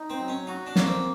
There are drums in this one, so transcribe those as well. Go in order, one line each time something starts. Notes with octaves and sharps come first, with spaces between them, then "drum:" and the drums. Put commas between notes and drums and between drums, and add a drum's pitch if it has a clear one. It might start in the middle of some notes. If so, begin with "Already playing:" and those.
Already playing: D#4
C4
F#3
C#4
D#4 F#4
D4
A#3, drum: snare
C4